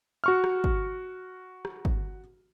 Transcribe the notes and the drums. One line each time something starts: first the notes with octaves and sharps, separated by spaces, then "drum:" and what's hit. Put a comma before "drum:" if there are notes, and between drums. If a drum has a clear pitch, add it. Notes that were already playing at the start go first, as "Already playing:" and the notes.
F#4 C#6 F6
drum: rim click
drum: kick
drum: rim click
drum: kick